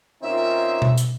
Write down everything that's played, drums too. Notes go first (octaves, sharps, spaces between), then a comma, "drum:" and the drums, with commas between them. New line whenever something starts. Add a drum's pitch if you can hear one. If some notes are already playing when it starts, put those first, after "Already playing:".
D#3 A#3 C4 C#4 D#4 F4 E5
drum: tom B2
drum: hi-hat